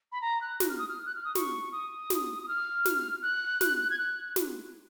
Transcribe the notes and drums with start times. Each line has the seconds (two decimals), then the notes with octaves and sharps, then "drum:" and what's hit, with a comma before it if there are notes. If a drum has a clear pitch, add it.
0.12 B5
0.21 A#5
0.41 F#6
0.60 F#6, drum: snare
0.69 F6
0.79 D#6
0.88 F6
1.06 F#6
1.15 F6
1.24 D#6
1.35 C#6, drum: snare
1.72 D#6
2.10 drum: snare
2.43 D#6
2.48 F6
2.85 drum: snare
3.23 F#6
3.61 drum: snare
3.90 G#6
3.98 F#6
4.36 drum: snare